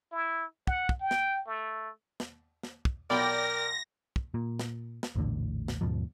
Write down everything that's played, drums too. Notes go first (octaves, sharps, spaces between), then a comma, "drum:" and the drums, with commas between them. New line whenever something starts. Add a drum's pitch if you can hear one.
E4
F#5, drum: kick
drum: kick
G5
drum: snare
A3
drum: snare
drum: snare
drum: kick
B1 A#4 D5 G5 B5 A#6
drum: kick
A#2
drum: snare
drum: snare
A#1 E2 A2 D3
drum: snare
D#2 G#2 B2 F3